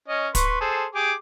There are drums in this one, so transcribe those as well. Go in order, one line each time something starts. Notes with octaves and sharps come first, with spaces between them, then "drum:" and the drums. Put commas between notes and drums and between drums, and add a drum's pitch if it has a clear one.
C#4 D#5
B4 C6 C#6, drum: kick, hi-hat
G#4 A4 C5
G4 G#4 D6